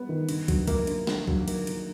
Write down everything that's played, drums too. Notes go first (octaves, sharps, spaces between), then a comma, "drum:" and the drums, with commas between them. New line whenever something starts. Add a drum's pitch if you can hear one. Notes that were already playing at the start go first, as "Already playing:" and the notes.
Already playing: G3 B3
D#3
D3, drum: cymbal
F#3, drum: kick, cymbal
A#3, drum: kick, cymbal
D3, drum: cymbal
D3, drum: snare
F#3, drum: kick
A#3, drum: cymbal
D3, drum: cymbal